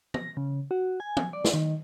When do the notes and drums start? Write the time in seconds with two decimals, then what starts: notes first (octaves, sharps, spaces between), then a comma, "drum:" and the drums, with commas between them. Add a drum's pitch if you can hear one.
0.14 A#6, drum: tom
0.37 C#3
0.71 F#4
1.00 G#5
1.17 drum: tom
1.33 D5
1.45 drum: snare
1.54 D#3